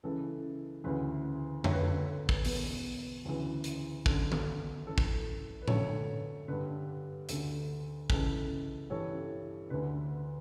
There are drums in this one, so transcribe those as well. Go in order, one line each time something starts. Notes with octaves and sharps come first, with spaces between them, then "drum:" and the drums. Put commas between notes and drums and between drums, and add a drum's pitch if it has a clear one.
C#2 C#3 E3 A4
D2 C#3 E3 B4
D2 D3 C#5, drum: tom F2
B4
A4
B4
drum: kick
E2 B2 B4, drum: open hi-hat
D2 C#3 E3
drum: hi-hat
F#2 D3 A4, drum: kick
drum: tom D#3
F#2 E3 A4
drum: kick
B4
F#2 D3 A4 C#5, drum: tom A2
G2 D3 B4
D2 D3 A4, drum: hi-hat
C#2 C#3 E3 A4, drum: kick
G2 E3 A4 C#5
D2 D3 B4